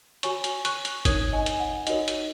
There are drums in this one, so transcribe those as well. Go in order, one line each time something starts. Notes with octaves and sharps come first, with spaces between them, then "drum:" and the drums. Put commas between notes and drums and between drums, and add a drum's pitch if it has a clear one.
F#4 C#5 G#5 C#6, drum: hi-hat
drum: hi-hat
C#6 F#6, drum: hi-hat
drum: hi-hat
D#4 A#4 C#5 D#6 G#6, drum: kick, hi-hat
D#5 G#5
drum: hi-hat
F#5
D#4 F#4 A#4 C#5 D#5, drum: hi-hat
drum: hi-hat